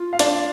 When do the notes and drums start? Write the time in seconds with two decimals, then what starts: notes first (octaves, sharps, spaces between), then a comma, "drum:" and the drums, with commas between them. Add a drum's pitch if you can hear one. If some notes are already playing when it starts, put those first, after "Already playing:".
Already playing: F4
0.13 F5
0.19 D4 D5, drum: hi-hat